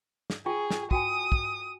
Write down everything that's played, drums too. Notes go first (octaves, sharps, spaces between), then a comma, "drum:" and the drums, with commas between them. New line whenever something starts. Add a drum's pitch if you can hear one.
drum: snare
F4 G#4 G5 C#6
drum: snare
F#4 G5 G#5 D#6, drum: kick
drum: kick